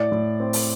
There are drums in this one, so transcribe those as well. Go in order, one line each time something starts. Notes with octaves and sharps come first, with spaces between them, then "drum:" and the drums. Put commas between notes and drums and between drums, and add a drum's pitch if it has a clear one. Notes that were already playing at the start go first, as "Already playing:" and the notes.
Already playing: A2 D5
A2
C4
drum: open hi-hat